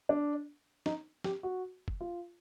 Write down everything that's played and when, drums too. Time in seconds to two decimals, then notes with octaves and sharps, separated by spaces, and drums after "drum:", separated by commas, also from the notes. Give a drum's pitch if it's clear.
0.09 D4
0.86 D#4, drum: snare
1.24 G4, drum: snare
1.43 F#4
1.88 drum: kick
2.01 F4